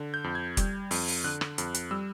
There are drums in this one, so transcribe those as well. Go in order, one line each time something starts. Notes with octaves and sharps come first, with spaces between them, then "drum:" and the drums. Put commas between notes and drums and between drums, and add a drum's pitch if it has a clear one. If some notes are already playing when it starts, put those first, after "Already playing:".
Already playing: D3
G6
F2
G#6
G3, drum: kick F1, hi-hat
F2, drum: open hi-hat
drum: open hi-hat
D3 F#6
drum: rim click
F2, drum: hi-hat
drum: hi-hat
G3 E6